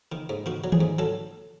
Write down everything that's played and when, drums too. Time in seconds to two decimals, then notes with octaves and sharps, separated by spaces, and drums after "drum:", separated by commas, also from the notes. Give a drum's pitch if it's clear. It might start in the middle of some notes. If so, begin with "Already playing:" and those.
0.12 D#3
0.29 G#2
0.46 D#3 F#4
0.64 F#3
0.72 G#4, drum: tom D#3
0.81 G#2
0.99 F#3 A4